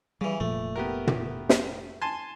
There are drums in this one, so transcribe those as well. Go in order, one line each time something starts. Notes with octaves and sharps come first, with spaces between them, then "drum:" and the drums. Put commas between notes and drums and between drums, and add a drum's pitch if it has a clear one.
C#3 E3 G3
F1 A#2 F3 A3
B3 G4 A#4
drum: tom
drum: snare
G#5 A5 C6